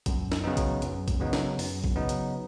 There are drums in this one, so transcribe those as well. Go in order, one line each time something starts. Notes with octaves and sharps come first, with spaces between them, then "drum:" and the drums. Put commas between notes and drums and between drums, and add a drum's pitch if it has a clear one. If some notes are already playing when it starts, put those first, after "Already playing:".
F#2, drum: kick A1, hi-hat
drum: snare
C#3 F#3 B3 D#4
drum: kick A1, hi-hat
F#2, drum: hi-hat
drum: kick A1, hi-hat
C#3 F#3 B3 D#4
drum: snare
F#2, drum: open hi-hat
drum: kick A1
C#3 F#3 B3 D#4
drum: hi-hat